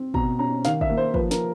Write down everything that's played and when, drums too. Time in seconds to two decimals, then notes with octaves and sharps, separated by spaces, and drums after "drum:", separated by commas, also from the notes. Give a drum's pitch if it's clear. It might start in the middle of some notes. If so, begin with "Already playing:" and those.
Already playing: C4
0.14 B2 A#5, drum: kick
0.39 C#4 A#5
0.65 D#3 F5, drum: snare
0.81 E5, drum: kick
0.90 A#3
0.97 C5
1.14 F3 B4, drum: kick
1.31 A#4, drum: snare